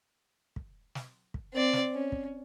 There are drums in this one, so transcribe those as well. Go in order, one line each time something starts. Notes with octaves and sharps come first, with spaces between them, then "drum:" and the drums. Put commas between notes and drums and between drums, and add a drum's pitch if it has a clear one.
drum: kick
drum: snare
drum: kick
C4 D5
drum: snare
C#4
drum: kick